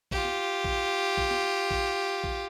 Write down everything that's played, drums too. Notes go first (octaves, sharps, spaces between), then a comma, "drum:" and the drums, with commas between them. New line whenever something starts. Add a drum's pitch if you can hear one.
F4 G4, drum: kick A#1
drum: snare
drum: kick A#1
drum: kick A#1
drum: snare
drum: kick A#1
drum: kick A#1